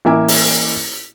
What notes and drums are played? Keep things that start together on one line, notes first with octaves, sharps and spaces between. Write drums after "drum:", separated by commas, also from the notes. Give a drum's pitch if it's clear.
A1 A#3 E4 E5 G#5 D6
drum: open hi-hat